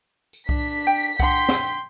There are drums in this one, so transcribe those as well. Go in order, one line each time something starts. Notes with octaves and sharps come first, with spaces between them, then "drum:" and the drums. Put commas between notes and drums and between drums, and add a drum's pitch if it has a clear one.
drum: tambourine
D4 B6, drum: kick C2
G5
D4 F#5 G5 C6, drum: kick C2
drum: snare